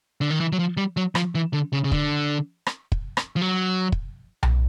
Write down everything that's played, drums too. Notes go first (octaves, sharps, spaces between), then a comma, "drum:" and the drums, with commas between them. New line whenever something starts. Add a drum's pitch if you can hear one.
D3
D#3
E3
F#3
F3
G3
F#3
F3, drum: rim click
E3
D3
C#3
C#3
D3, drum: kick
drum: rim click
drum: kick
drum: rim click
F3
F#3
drum: kick
drum: tom B1